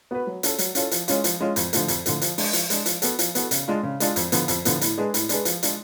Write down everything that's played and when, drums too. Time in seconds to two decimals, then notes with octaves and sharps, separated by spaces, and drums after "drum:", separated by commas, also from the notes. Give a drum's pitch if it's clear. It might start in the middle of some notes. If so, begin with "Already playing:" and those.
0.11 B3 F#4 B4
0.27 F#3
0.43 C#4 F4 A4, drum: hi-hat
0.58 F#3, drum: hi-hat
0.75 C#4 F4 A4, drum: hi-hat
0.91 F3, drum: hi-hat
1.08 G#3 C#4 F4, drum: hi-hat
1.24 F3, drum: hi-hat
1.40 G#3 C#4 F4
1.56 F2, drum: hi-hat
1.73 D3 F3 A3, drum: hi-hat
1.88 F2, drum: hi-hat
2.06 D3 F3 A3, drum: hi-hat
2.21 F3, drum: hi-hat
2.38 G#3 D4, drum: open hi-hat
2.53 F3, drum: hi-hat
2.70 G#3 D4, drum: hi-hat
2.86 F3, drum: hi-hat
3.02 B3 F#4 A4, drum: hi-hat
3.19 F3, drum: hi-hat
3.35 B3 F#4 A4, drum: hi-hat
3.51 C#3, drum: hi-hat
3.68 G#3 D4 F4
3.83 C#3
4.00 G#3 D4 F4, drum: hi-hat
4.16 F2, drum: hi-hat
4.32 D3 F3 B3, drum: hi-hat
4.48 F2, drum: hi-hat
4.65 D3 F3 B3, drum: hi-hat
4.81 A2, drum: hi-hat
4.98 G#3 D4 G#4 B4
5.14 A2, drum: hi-hat
5.29 G#3 D4 G#4 B4, drum: hi-hat
5.45 F3, drum: hi-hat
5.63 G#3 D4 F4, drum: hi-hat